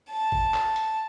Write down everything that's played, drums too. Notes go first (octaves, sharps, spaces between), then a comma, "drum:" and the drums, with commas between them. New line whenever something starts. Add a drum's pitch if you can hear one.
A5
drum: kick G1
drum: clap
drum: hi-hat